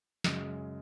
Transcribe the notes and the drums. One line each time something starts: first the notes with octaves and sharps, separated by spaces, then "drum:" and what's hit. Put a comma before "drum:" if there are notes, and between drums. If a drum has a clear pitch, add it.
F#2 C#3 G#3, drum: snare